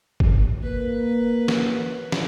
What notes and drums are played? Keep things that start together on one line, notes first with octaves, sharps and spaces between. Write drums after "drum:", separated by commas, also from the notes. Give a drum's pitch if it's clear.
drum: kick
A#3 B4
drum: snare
drum: snare